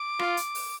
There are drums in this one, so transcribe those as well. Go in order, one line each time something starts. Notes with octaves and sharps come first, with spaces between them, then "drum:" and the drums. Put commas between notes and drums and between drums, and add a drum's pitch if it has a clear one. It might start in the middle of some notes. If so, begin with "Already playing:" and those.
Already playing: D6
F4, drum: rim click
drum: hi-hat
drum: open hi-hat